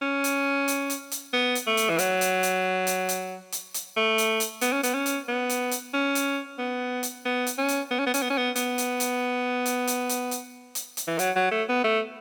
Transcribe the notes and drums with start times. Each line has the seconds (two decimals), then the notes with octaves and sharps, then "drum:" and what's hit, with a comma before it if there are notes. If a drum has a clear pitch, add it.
0.02 C#4
0.24 drum: hi-hat
0.68 drum: hi-hat
0.90 drum: hi-hat
1.12 drum: hi-hat
1.33 B3
1.55 drum: hi-hat
1.67 A3
1.77 drum: hi-hat
1.89 E3
1.99 F#3, drum: hi-hat
2.21 drum: hi-hat
2.43 drum: hi-hat
2.87 drum: hi-hat
3.09 drum: hi-hat
3.52 drum: hi-hat
3.74 drum: hi-hat
3.97 A3
4.18 drum: hi-hat
4.40 drum: hi-hat
4.61 B3, drum: hi-hat
4.72 C#4
4.83 B3, drum: hi-hat
4.94 C#4
5.06 drum: hi-hat
5.28 B3
5.49 drum: hi-hat
5.71 drum: hi-hat
5.93 C#4
6.15 drum: hi-hat
6.58 B3
7.03 drum: hi-hat
7.25 B3
7.47 drum: hi-hat
7.58 C#4
7.68 drum: hi-hat
7.91 B3
7.99 C#4
8.06 B3
8.14 C#4, drum: hi-hat
8.22 B3
8.30 C#4
8.38 B3
8.56 B3, drum: hi-hat
8.78 drum: hi-hat
9.00 drum: hi-hat
9.66 drum: hi-hat
9.87 drum: hi-hat
10.09 drum: hi-hat
10.31 drum: hi-hat
10.75 drum: hi-hat
10.97 drum: hi-hat
11.07 E3
11.19 F#3, drum: hi-hat
11.36 F#3
11.51 A3
11.69 B3
11.84 A3